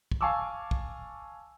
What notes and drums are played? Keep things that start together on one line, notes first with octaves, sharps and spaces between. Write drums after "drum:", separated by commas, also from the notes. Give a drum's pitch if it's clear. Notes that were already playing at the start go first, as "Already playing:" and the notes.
drum: kick
F5 G#5 A5 C#6 D6 E6
drum: kick